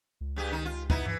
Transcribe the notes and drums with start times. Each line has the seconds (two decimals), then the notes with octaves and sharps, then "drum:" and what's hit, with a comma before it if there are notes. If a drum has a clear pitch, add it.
0.21 C#2
0.36 G2 G4 G#4
0.51 D#3 D#4
0.65 F4
0.90 B3 D#4 E4, drum: kick
1.06 G2 E3